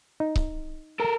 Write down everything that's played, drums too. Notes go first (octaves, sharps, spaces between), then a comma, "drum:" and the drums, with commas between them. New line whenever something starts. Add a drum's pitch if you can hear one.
D#4
drum: kick C#1
A4 A#4